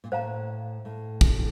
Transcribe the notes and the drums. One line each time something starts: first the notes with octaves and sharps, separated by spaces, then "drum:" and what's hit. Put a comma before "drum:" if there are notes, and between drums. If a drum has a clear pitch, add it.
A#2
A2 C5 F5 A#5
A2
drum: kick